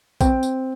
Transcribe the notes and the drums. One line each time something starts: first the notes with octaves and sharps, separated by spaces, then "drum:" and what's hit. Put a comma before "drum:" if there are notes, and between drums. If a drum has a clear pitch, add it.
C4 G5, drum: kick, tambourine
drum: tambourine